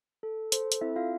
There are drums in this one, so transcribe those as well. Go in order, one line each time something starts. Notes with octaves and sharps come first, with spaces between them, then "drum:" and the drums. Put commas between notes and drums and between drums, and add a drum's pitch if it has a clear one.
A4
A4 C5, drum: hi-hat
drum: hi-hat
C4 E4 E5
F4 F5